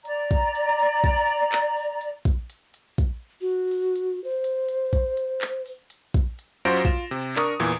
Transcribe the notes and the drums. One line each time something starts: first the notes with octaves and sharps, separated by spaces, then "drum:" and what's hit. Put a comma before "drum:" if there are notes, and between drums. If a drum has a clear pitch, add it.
D5 A#5, drum: hi-hat
drum: kick, hi-hat
drum: hi-hat
drum: hi-hat
drum: kick, hi-hat
drum: hi-hat
drum: clap
drum: open hi-hat
drum: hi-hat
drum: kick, hi-hat
drum: hi-hat
drum: hi-hat
drum: kick, hi-hat
F#4
drum: open hi-hat
drum: hi-hat
C5
drum: hi-hat
drum: hi-hat
drum: kick, hi-hat
drum: hi-hat
drum: clap
drum: open hi-hat
drum: hi-hat
drum: kick, hi-hat
drum: hi-hat
F#2 F4 F#4 C5 A#6 D7, drum: hi-hat
F4 E7, drum: kick, hi-hat
C3, drum: hi-hat
D4 A#4 C#6 D#6, drum: clap
E2 A#2 E3, drum: open hi-hat